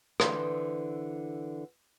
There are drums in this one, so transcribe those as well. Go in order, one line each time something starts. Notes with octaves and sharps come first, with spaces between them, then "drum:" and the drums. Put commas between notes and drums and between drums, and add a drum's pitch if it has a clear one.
D3 E3 C5, drum: rim click